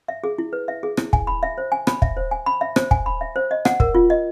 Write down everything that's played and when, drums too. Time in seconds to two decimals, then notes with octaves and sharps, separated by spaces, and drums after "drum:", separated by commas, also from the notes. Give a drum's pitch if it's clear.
0.08 E5
0.24 G#4
0.38 E4
0.53 B4
0.68 E5
0.83 G#4
0.97 E4, drum: rim click
1.13 G#5, drum: kick
1.27 B5
1.43 E5
1.58 C5
1.72 G#5
1.87 B5, drum: rim click
2.02 E5, drum: kick
2.17 C5
2.31 G#5
2.46 B5
2.61 E5
2.76 C5, drum: rim click
2.91 G#5, drum: kick
3.06 B5
3.21 E5
3.36 C5
3.51 D#5
3.65 F#5, drum: rim click
3.80 A#4, drum: kick
3.95 F4
4.10 D#5